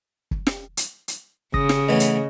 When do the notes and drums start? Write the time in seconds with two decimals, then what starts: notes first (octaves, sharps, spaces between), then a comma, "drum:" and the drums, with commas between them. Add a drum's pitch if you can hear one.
0.31 drum: kick
0.47 drum: snare
0.77 drum: hi-hat
1.08 drum: hi-hat
1.54 C#3 D#6 A#6, drum: kick
1.69 drum: snare
1.89 A2 E3 B3 C#5 D#5
2.00 drum: hi-hat